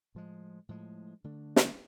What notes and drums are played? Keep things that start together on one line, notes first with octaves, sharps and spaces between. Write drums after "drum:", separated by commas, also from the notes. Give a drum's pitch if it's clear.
A2 F3 G#3
A2 F3 G#3
D3 A3 D4
drum: snare